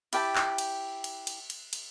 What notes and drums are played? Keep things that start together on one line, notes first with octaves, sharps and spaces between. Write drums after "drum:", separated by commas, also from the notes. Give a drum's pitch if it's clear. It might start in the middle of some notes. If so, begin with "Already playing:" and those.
E4 G4 G5 A5, drum: cymbal
drum: clap
drum: cymbal
drum: cymbal
drum: cymbal
drum: cymbal
drum: cymbal